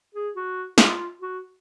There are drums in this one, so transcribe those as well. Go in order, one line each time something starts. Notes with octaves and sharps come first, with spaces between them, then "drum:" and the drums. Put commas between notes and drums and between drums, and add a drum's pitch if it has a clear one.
G#4
F#4
F4, drum: snare
F#4